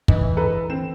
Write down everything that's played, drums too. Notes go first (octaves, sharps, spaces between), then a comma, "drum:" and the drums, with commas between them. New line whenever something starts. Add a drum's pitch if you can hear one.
E3 D#4, drum: kick
A4 B4 A#5
C4 E7